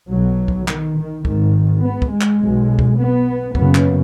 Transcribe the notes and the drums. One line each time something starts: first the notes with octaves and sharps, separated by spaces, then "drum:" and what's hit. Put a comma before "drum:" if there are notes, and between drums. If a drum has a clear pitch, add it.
B1 B2 F#3
drum: kick
D#3, drum: clap
D#3
G#1 G#2 D#3, drum: kick
B3
drum: kick
G#3
drum: clap
B1 B2
drum: kick
B3
F#1 F#2 C#3 B3, drum: kick
drum: clap